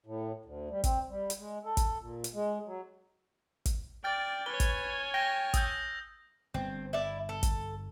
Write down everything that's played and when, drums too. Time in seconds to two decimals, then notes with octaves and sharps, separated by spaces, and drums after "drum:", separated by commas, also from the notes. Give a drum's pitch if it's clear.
0.06 A2
0.45 D2
0.71 G3
0.84 C4, drum: kick, hi-hat
1.10 G3
1.30 drum: hi-hat
1.39 G#3
1.65 A4
1.77 drum: kick, hi-hat
2.01 A#2
2.24 drum: hi-hat
2.34 G#3
2.66 F#3
3.66 drum: kick, hi-hat
4.04 D5 G5 F6 A6
4.46 B4 C#5 G#5 G7
4.60 drum: kick, hi-hat
5.14 G5 A#6
5.54 D#6 E6 G6, drum: kick, hi-hat
6.54 G1 G2 C4
6.93 E4 D5
7.29 A4
7.43 drum: kick, hi-hat